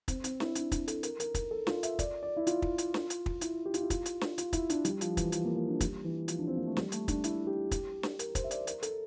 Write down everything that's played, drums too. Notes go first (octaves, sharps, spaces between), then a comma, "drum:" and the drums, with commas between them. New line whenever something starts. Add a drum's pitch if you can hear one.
C4, drum: kick, hi-hat
C4, drum: hi-hat
E4, drum: snare
D4, drum: hi-hat
D4, drum: kick, hi-hat
A4, drum: hi-hat
A#4, drum: hi-hat
A#4, drum: hi-hat
A#4, drum: kick, hi-hat
A4
F4, drum: snare
E5, drum: hi-hat
D5, drum: kick, hi-hat
D5
E4
F4, drum: hi-hat
drum: kick
drum: hi-hat
drum: snare
drum: hi-hat
drum: kick
E4, drum: hi-hat
G4
F4, drum: hi-hat
E4
F4, drum: kick, hi-hat
drum: hi-hat
drum: snare
F4, drum: hi-hat
E4, drum: kick, hi-hat
D4, drum: hi-hat
G3, drum: hi-hat
F3, drum: hi-hat
E3, drum: kick, hi-hat
F3, drum: hi-hat
A#3
A#3
D4
G3, drum: kick, hi-hat
E3
F3, drum: hi-hat
D4
C4
A#3
A3
G3, drum: snare
A3, drum: hi-hat
D4, drum: kick, hi-hat
E4, drum: hi-hat
G4
drum: kick, hi-hat
drum: snare
A#4, drum: hi-hat
C5, drum: kick, hi-hat
E5
D5, drum: hi-hat
A#4, drum: hi-hat
A4, drum: hi-hat